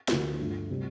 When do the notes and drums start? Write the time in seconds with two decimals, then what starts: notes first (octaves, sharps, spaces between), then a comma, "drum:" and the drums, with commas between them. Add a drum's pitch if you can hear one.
0.08 D2 D3 F3 A#3, drum: snare
0.39 G2 F3 A3
0.69 C3 G3